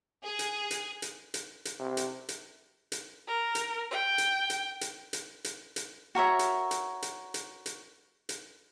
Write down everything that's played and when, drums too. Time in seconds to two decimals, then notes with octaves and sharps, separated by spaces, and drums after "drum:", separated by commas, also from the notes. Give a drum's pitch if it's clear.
0.23 G#4
0.39 drum: hi-hat
0.71 drum: hi-hat
1.02 drum: hi-hat
1.34 drum: hi-hat
1.65 drum: hi-hat
1.79 C3
1.97 drum: hi-hat
2.29 drum: hi-hat
2.92 drum: hi-hat
3.28 A#4
3.55 drum: hi-hat
3.91 G5
4.18 drum: hi-hat
4.50 drum: hi-hat
4.81 drum: hi-hat
5.13 drum: hi-hat
5.44 drum: hi-hat
5.76 drum: hi-hat
6.15 F#4 A#4 C#5 E5
6.39 drum: hi-hat
6.71 drum: hi-hat
7.02 drum: hi-hat
7.34 drum: hi-hat
7.66 drum: hi-hat
8.29 drum: hi-hat